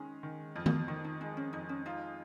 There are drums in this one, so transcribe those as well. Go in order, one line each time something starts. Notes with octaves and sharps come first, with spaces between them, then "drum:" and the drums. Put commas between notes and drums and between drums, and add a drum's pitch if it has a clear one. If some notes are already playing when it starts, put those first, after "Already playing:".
Already playing: D#3 G#3 C#4 D#4
D#3
F2 F4
F#4, drum: tom D#3
F4
D#3 D#4
D#4
G#3 D#4
C#4
F2 D#4
C#4
D#4 F4